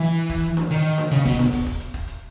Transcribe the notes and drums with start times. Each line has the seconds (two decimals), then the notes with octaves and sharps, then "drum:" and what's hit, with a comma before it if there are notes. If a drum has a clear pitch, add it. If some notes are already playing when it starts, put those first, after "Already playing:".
Already playing: E3
0.29 drum: kick, hi-hat
0.43 drum: hi-hat
0.57 drum: snare D4
0.71 D#3, drum: hi-hat
0.84 drum: hi-hat
0.98 drum: snare D4
1.12 C#3, drum: hi-hat
1.26 B2, drum: kick, open hi-hat
1.39 drum: snare D4
1.53 drum: kick, open hi-hat
1.66 drum: kick
1.80 drum: hi-hat
1.94 drum: kick, hi-hat
2.08 drum: hi-hat